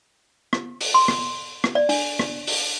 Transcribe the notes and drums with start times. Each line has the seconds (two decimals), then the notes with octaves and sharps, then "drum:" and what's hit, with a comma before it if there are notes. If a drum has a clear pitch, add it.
0.53 drum: rim click
0.81 drum: open hi-hat
0.94 C6
1.08 drum: rim click
1.64 drum: rim click
1.75 D5
1.89 D4, drum: open hi-hat
2.19 drum: rim click
2.47 drum: open hi-hat